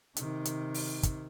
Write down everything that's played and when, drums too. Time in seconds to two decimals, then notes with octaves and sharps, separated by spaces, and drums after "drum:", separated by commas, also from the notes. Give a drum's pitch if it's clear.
0.17 C3 D#3, drum: hi-hat
0.45 drum: hi-hat
0.74 drum: open hi-hat
1.03 drum: kick, hi-hat